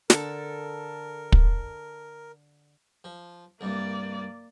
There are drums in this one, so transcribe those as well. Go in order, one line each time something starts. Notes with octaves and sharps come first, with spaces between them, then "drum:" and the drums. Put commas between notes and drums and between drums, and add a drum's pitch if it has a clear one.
D3 A4 A#4, drum: snare
drum: kick
F3
C2 G2 A#3 D5